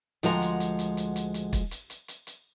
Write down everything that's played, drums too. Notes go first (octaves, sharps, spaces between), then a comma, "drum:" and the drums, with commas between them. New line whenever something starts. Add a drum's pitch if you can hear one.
D2 F3 G#3 F#5 A#5, drum: hi-hat
drum: hi-hat
drum: hi-hat
drum: hi-hat
drum: hi-hat
drum: hi-hat
drum: hi-hat
drum: kick, hi-hat
drum: hi-hat
drum: hi-hat
drum: hi-hat
drum: hi-hat